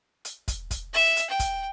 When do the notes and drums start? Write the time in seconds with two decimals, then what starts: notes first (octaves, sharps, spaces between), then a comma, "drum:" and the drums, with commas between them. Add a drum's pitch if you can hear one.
0.25 drum: hi-hat
0.48 drum: kick, hi-hat
0.71 drum: kick, hi-hat
0.94 E5, drum: open hi-hat
1.17 drum: hi-hat
1.30 G5
1.40 drum: kick, hi-hat